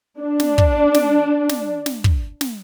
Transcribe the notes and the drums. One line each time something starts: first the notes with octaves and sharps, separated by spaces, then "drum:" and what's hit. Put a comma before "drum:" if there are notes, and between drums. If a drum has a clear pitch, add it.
D4
drum: snare
drum: kick
drum: snare
drum: snare
drum: snare
drum: kick
drum: snare